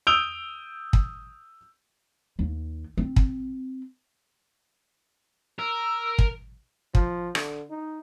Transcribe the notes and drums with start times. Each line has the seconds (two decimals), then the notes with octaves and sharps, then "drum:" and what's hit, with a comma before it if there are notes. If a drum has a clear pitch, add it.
0.07 D#6 E6 G6 D7 F7 G7
0.93 drum: kick
2.39 D#2
2.97 C4
3.16 drum: kick
5.59 A#4 E6
6.19 drum: kick
6.95 F3, drum: kick
7.35 D3, drum: rim click
7.70 D#4